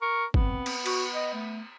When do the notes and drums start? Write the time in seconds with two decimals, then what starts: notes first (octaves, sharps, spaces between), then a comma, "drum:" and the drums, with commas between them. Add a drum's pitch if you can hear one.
0.02 A#4 C#6
0.34 B3 C4, drum: kick
0.66 drum: cymbal
0.86 F#4, drum: cymbal
1.14 D#5
1.34 A3